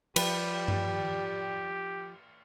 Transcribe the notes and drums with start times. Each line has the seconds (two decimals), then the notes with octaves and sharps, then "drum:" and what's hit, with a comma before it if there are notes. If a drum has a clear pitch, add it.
0.16 F3 G3 G4 B4, drum: cymbal
0.68 drum: tom G2